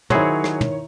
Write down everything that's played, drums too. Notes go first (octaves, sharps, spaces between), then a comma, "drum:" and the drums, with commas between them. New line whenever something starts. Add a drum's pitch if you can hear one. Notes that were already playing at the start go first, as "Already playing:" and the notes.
D#3 F#3 E4 G#4 C5 C#5, drum: tom
drum: rim click
drum: tom